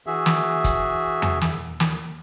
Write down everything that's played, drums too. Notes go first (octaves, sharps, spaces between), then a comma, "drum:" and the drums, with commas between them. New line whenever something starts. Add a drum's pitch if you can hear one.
E3 F#4 G#4 E5
drum: snare
drum: kick F#1, hi-hat
drum: tom E2
drum: snare
drum: snare